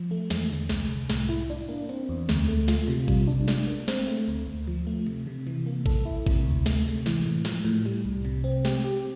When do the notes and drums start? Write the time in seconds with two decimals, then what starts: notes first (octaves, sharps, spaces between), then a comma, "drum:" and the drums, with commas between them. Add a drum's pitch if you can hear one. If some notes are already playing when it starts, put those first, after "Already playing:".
Already playing: F3
0.11 A3
0.30 E2, drum: snare
0.51 D3
0.69 C2, drum: snare
0.90 C2
1.10 A2, drum: snare
1.29 E4
1.50 D4, drum: open hi-hat
1.69 A#3
1.89 C4, drum: hi-hat
2.09 E2
2.29 D2, drum: snare
2.48 A3
2.68 F4, drum: snare
2.88 C3
3.08 G3, drum: kick G#1, open hi-hat
3.27 D4
3.48 D4, drum: snare
3.67 A#3
3.88 C4, drum: snare
4.07 A3
4.28 D2, drum: open hi-hat
4.47 D2
4.67 F3, drum: hi-hat
4.87 A3
5.07 C3, drum: hi-hat
5.27 C3
5.47 E3, drum: hi-hat
5.66 A#3
5.86 A4, drum: kick G#1
6.05 E4
6.27 C3, drum: kick G#1
6.46 D2
6.66 A3, drum: snare
6.86 C3
7.06 E3, drum: snare
7.25 A2
7.45 F3, drum: snare
7.65 A2
7.85 G3, drum: open hi-hat
8.05 C2
8.25 C3, drum: hi-hat
8.44 C4
8.65 G4, drum: snare
8.84 G4